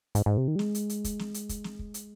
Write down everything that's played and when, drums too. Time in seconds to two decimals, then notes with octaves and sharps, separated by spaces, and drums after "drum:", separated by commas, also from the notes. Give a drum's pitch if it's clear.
0.15 G#2, drum: hi-hat
0.26 G#2
0.37 C3
0.48 D#3
0.56 G3
0.59 G#3, drum: snare
0.75 drum: hi-hat
0.90 drum: hi-hat
1.04 drum: kick, hi-hat
1.19 drum: snare
1.34 drum: hi-hat
1.49 drum: kick, hi-hat
1.64 drum: snare
1.79 drum: kick
1.94 drum: hi-hat